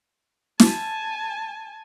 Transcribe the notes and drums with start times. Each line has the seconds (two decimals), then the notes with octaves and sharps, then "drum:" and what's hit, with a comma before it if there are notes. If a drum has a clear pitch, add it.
0.60 G#5 A5, drum: snare